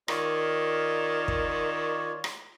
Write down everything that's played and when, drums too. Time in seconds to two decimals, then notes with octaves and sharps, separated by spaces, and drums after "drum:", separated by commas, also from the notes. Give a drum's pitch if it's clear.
0.08 D#3 F4 C#5 D5, drum: rim click
1.28 drum: kick
2.24 drum: rim click